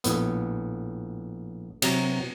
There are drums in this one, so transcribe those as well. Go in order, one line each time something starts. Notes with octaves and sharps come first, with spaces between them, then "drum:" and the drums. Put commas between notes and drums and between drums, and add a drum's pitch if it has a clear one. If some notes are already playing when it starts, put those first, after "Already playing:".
A#1 A2 B3, drum: hi-hat
C3 F#3 A#5, drum: cymbal